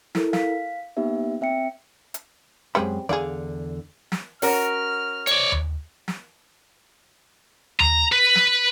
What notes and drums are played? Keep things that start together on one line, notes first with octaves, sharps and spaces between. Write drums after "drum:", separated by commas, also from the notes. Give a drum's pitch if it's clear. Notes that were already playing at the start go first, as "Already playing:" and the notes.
E4 A4 A#4, drum: snare
F5 B6, drum: snare
A#3 B3 D#4 G4 E5
C4 E5 G5 C#7
drum: hi-hat
F#2 G3 G#3 C4 G#4 B5
E2 D3 G#4 D5 F5
drum: snare
C#4 F#4 A#4 F6, drum: open hi-hat
C#5 D5, drum: hi-hat
drum: tom D#2
drum: snare
A#5, drum: tom D#2
B4
drum: snare